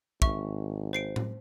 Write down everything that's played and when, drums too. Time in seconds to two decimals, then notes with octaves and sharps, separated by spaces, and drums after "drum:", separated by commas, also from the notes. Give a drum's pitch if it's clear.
0.22 G#1 E5 C#6, drum: kick
0.93 C5 C7 D7
1.16 drum: tom A2